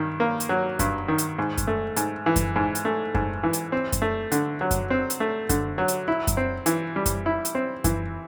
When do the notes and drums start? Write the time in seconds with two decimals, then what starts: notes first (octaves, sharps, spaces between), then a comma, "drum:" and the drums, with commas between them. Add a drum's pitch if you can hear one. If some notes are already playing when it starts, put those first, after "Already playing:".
Already playing: G2 D#3
0.20 A#3
0.40 drum: hi-hat
0.49 F#3
0.79 G2, drum: kick F#2, hi-hat
1.08 D#3
1.18 drum: hi-hat
1.39 G#2
1.58 drum: kick F#2, hi-hat
1.67 A3
1.97 G#2, drum: hi-hat
2.26 E3
2.36 drum: kick F#2, hi-hat
2.56 G#2
2.75 drum: hi-hat
2.85 A3
3.15 G#2, drum: kick F#2
3.43 E3
3.53 drum: hi-hat
3.72 C4
3.92 drum: kick F#2, hi-hat
4.02 A3
4.32 D3, drum: hi-hat
4.61 F#3
4.71 drum: kick F#2, hi-hat
4.90 C4
5.10 drum: hi-hat
5.20 A3
5.49 D3, drum: kick F#2, hi-hat
5.78 F#3
5.88 drum: hi-hat
6.08 E4
6.27 drum: kick F#2, hi-hat
6.37 C4
6.66 E3, drum: hi-hat
6.96 G3
7.06 drum: kick F#2, hi-hat
7.26 E4
7.45 drum: hi-hat
7.55 C4
7.84 E3, drum: kick F#2, hi-hat